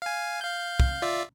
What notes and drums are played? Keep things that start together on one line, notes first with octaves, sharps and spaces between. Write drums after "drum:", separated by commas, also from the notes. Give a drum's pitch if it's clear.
F5 G#5
F5 G6
drum: kick
F4 D5 E5